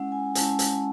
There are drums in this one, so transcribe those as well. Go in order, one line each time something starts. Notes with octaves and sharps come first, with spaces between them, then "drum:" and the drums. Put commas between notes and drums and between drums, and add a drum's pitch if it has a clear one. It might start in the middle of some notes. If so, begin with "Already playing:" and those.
Already playing: G#3 C#4 E4 F#5
G#5
G#3 C#4 E4 A5, drum: hi-hat
drum: hi-hat